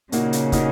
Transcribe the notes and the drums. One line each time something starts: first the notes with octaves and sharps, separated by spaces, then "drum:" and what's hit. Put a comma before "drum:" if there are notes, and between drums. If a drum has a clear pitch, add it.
A#2 C#3 A#3 D#4 F#4, drum: hi-hat
drum: hi-hat
A#2 A#3 D#4 F#4, drum: kick, hi-hat